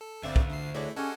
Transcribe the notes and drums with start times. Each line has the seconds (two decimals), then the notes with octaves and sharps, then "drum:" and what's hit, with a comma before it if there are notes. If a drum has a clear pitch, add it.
0.01 A4
0.23 G1 D2 C4 F4 D5 E5
0.36 drum: kick B1
0.50 D3 C7
0.74 F#3 G#3 A3 D4 E4
0.96 G#3 C#4 G4 A4 F#5 G#5